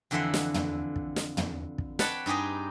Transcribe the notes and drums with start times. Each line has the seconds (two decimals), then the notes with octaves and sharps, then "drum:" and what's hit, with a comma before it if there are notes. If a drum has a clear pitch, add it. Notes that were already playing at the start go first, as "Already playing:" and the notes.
0.11 F2 D3 E3 E5 F#5 C6
0.34 drum: snare
0.54 drum: tom
0.96 drum: kick
1.16 drum: snare
1.37 drum: tom
1.78 drum: kick
1.99 B4 C#5 D5 F#5 G5 A5, drum: snare
2.26 G2 D#4 G4 G#4 D#5